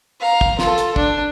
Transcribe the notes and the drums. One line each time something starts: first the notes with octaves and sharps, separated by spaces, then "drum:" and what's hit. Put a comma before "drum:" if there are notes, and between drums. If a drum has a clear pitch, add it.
F5 A#5
drum: kick
F4 A4, drum: snare
drum: hi-hat
D4, drum: kick